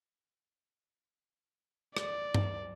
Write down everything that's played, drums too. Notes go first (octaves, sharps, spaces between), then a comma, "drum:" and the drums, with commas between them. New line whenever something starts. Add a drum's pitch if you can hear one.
D5, drum: rim click
drum: tom G2